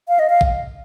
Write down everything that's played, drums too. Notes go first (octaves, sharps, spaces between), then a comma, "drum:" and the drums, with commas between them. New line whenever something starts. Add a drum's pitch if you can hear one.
F5
D#5
F5
drum: kick A#1